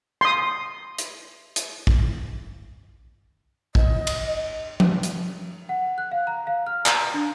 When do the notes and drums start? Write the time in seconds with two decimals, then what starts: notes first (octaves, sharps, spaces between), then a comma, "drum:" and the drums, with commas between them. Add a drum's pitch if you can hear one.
0.21 C6 D#6
0.99 drum: hi-hat
1.56 drum: hi-hat
1.87 drum: kick
3.75 D#5, drum: kick
4.07 drum: cymbal
4.80 drum: tom F3
5.03 drum: hi-hat
5.69 F#5
5.98 F#6
6.12 F5
6.27 A#5
6.47 F5
6.67 F6
6.86 A#5, drum: clap
7.14 D4